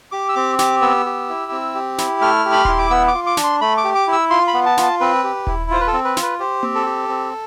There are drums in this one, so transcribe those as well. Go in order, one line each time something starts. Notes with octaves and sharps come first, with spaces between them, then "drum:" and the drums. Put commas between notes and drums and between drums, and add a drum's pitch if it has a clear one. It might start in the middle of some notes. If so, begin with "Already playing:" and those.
G4 D6
E6
C4 D6
G4 D6, drum: snare
B3 E6
G4
E4
C4
G4
E4, drum: snare
A3 F6
G4
B5
E4 C6, drum: kick D#1
D6
B3 E6
D6
F4
D6
D4, drum: snare
C6
A3 B5
D6
G4
D6
E4
E6
F4 C6
B5
B3
A5
F4, drum: snare
A5
C4 B4
G4
E4, drum: kick D#1
F4 C5
B4
A4
C4
B4
F4, drum: snare
B4
G4 C5
C4, drum: tom A#3
A4
G4
C4